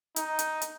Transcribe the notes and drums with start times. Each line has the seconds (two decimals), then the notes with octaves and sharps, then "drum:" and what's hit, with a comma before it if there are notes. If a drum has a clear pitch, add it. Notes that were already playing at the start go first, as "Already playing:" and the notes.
0.16 D#4, drum: hi-hat
0.39 drum: hi-hat
0.62 drum: hi-hat